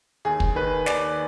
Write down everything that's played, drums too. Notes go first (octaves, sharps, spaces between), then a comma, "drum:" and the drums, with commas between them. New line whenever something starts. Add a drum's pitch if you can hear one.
D#2 G#4
drum: kick
D#3 B4
D#2 D5, drum: snare